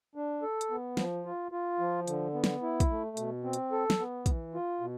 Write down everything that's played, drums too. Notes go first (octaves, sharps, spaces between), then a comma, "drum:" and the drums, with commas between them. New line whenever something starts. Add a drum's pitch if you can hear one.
D4
A4
drum: hi-hat
B3
F3, drum: snare
F4
F4
F3
D3, drum: hi-hat
B3
drum: snare
E4
drum: kick, hi-hat
A3
B2, drum: hi-hat
C4
drum: hi-hat
A4
drum: snare
B3
E3, drum: kick, hi-hat
F4
B2